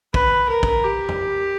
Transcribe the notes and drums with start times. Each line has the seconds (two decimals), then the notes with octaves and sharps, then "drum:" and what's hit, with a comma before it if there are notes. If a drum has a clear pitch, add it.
0.14 B4, drum: kick
0.50 A#4
0.63 drum: kick
0.84 G4
1.09 drum: tom F2